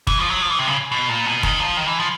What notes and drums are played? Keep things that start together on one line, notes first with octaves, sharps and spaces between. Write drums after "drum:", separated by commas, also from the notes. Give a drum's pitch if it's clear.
E3, drum: kick
F3
F#3
F3
E3
C3
C#3
B2
A#2
B2
D#3, drum: kick
F3
D#3
E3
F3